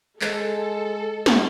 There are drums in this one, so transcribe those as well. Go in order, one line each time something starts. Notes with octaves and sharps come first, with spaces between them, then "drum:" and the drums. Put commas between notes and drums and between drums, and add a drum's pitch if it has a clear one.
G#3 A4, drum: clap
drum: snare